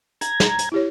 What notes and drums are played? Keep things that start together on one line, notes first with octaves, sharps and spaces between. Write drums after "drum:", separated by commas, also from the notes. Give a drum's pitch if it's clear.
A#5 G#6, drum: hi-hat
drum: snare
drum: hi-hat
E4 G4 C#5